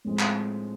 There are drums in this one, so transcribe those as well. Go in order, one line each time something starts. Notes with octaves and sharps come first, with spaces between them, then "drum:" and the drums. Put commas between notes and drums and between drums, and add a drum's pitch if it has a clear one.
A2 F3 G#3 C4
drum: clap